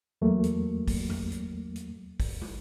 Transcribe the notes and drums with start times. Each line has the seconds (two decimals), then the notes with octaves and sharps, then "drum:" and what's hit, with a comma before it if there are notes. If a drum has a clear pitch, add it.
0.22 E2 F#3 A3 A#3
0.44 drum: hi-hat
0.88 drum: kick, open hi-hat
1.10 drum: tom F2
1.32 drum: hi-hat
1.76 drum: hi-hat
2.20 drum: kick, open hi-hat
2.42 drum: tom